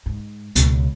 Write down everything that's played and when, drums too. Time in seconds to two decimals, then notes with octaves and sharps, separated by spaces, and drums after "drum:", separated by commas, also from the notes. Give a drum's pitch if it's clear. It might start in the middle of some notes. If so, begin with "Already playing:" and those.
0.06 G#2
0.55 C#2 B2, drum: hi-hat